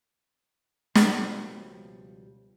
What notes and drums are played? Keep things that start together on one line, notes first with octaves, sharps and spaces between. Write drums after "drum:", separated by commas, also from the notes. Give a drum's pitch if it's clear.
C#2 B2 F3 G3 A#4 C#5, drum: snare